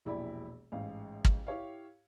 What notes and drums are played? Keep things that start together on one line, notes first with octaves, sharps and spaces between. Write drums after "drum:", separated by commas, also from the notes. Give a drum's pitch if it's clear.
E1 A#1 E4 G4 D5 B5
A1 G#2 F5
drum: kick
E4 G4 C#5 F5